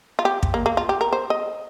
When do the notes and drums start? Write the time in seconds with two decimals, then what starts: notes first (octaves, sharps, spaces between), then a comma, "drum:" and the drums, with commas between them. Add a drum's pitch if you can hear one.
0.19 F4
0.25 G4
0.43 drum: kick
0.54 A#3
0.66 A#3
0.77 F4
0.89 G4
1.01 A#4
1.13 C5
1.30 D#5